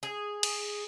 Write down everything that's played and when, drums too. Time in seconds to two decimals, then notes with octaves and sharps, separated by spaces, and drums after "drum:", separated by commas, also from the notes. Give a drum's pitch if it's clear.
0.03 G#4
0.43 drum: cymbal